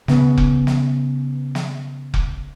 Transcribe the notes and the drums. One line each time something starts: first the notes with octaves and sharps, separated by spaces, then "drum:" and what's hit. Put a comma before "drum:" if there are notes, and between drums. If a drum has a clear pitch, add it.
C#3 B3, drum: snare
drum: kick F1
drum: snare
drum: snare
drum: kick F1